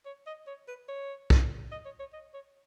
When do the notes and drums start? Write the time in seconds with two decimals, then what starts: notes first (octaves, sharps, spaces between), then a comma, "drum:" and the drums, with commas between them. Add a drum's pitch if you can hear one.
0.06 C#5
0.27 D#5
0.47 C#5
0.68 B4
0.89 C#5
1.30 drum: kick
1.72 D#5
1.85 C#5
2.00 C#5
2.13 D#5
2.34 C#5